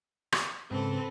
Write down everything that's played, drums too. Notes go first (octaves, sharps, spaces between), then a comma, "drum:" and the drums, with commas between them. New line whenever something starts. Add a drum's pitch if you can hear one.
drum: rim click
G#2 C#3 C4 A4 B4